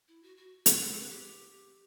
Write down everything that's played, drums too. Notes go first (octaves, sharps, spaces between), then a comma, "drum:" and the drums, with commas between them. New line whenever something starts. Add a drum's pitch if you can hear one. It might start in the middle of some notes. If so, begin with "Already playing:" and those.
E4
F#4
F#4
F#4, drum: hi-hat
B4
A4
A4
B4
G4